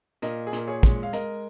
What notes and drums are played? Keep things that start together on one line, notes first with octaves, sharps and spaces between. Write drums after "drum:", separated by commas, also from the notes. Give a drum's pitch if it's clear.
A#2 A#4 D#5, drum: hi-hat
G#4
A#2 A#4, drum: hi-hat
G#4 C#5
G#3, drum: kick, hi-hat
F5
G#3 A#4 D#5, drum: hi-hat